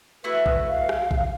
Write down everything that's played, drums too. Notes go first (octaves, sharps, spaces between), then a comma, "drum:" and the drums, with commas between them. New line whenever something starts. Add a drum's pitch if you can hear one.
A3 E4 F#4 B4
drum: kick A#1
F5
drum: rim click
drum: kick A#1